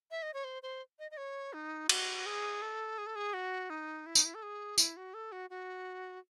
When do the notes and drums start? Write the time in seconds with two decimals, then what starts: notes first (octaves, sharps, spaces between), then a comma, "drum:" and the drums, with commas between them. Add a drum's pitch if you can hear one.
0.11 E5
0.22 D#5
0.34 C#5
0.44 C5
0.63 C5
0.99 D#5
1.11 D#5
1.17 C#5
1.53 D#4
1.89 F#4, drum: cymbal
2.26 G#4
2.62 A4
2.98 G#4
3.06 A4
3.16 G#4
3.34 F#4
3.70 D#4
4.06 E4
4.15 D#4, drum: tambourine
4.25 E4
4.35 A4
4.43 G#4
4.78 E4, drum: tambourine
4.97 F#4
5.14 A4
5.32 F#4
5.50 F#4